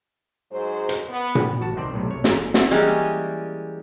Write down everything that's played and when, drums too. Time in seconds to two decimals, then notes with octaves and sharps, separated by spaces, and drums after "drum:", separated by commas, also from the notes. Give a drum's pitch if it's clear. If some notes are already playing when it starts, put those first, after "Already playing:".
0.51 G#2 F#3 G#3 C5
0.89 drum: hi-hat
1.09 B3
1.35 drum: tom A#2
1.61 A1 F#4 A5
1.76 C2 D#3 C4 C5 D5
1.94 B1 A2 C3
2.11 C2 C#5
2.24 A1 G#2 A3 F4 G#5 A#5, drum: snare
2.54 C4 E4 F#4, drum: snare
2.71 E3 G3 G#3 A#3 C#4